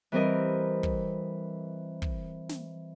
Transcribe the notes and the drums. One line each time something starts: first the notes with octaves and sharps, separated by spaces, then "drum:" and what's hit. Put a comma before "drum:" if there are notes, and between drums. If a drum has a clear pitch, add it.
E3 G3 C4 A#4 D#5
drum: kick
drum: kick
drum: snare